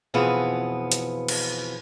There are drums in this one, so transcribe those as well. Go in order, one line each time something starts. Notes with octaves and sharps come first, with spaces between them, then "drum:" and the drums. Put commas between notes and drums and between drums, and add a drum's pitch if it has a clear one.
F2 B2 E3 B3 F4 G#4
drum: hi-hat
drum: cymbal